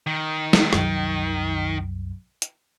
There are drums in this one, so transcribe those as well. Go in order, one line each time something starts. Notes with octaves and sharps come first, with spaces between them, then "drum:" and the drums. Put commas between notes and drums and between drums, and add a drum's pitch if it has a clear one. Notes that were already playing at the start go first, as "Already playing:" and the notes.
D#3
drum: snare
C2 F#2, drum: rim click
drum: hi-hat